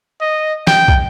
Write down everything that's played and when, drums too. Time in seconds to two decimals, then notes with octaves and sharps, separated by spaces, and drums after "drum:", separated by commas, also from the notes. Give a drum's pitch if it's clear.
0.21 D#5
0.67 G5, drum: snare
0.88 drum: kick